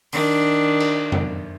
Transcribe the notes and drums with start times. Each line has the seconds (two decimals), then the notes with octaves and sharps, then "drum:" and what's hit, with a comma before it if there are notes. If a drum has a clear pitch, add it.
0.13 D#3 D4, drum: open hi-hat
0.80 drum: cymbal
1.12 drum: tom